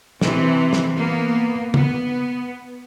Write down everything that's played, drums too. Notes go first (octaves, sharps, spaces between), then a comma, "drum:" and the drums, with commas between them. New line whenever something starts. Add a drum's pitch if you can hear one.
C3 E3, drum: snare
drum: snare
A#3 B3
B3, drum: tom